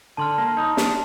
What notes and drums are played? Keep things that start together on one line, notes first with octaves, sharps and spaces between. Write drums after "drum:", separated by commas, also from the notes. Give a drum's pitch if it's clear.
D3 A5 C6 F6
A#3
D#4
D4, drum: snare